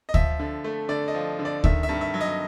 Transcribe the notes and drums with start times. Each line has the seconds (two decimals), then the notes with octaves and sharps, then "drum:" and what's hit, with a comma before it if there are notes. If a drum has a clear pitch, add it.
0.09 D#5
0.14 F3 E5, drum: kick D2
0.39 D3
0.64 A3
0.89 D3 D5
1.08 D#5
1.14 F3
1.39 D3
1.45 D5
1.64 D#3 E5, drum: kick D2
1.83 E5
1.89 G2
2.01 E5
2.14 F#3
2.21 D#5